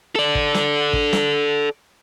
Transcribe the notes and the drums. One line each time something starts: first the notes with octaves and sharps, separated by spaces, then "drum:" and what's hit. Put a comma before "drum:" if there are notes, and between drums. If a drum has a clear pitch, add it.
A4 D5
drum: kick
drum: snare
drum: kick
drum: snare